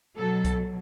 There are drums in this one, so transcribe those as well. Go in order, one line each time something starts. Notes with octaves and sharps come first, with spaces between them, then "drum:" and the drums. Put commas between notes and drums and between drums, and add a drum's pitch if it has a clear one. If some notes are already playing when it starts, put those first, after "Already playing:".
B2 F#3 A4
drum: kick C2, hi-hat